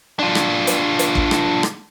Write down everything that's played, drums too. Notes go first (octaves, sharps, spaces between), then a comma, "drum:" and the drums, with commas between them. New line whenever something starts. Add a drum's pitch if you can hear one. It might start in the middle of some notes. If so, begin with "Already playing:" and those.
D4 F4
drum: rim click
drum: hi-hat
drum: hi-hat
drum: kick
drum: rim click
drum: rim click